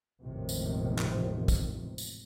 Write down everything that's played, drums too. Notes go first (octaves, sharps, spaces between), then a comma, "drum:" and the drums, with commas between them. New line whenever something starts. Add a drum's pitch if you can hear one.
G#1 E2 A2 C3 D#3 F3
drum: tambourine
drum: clap
drum: kick, tambourine
drum: tambourine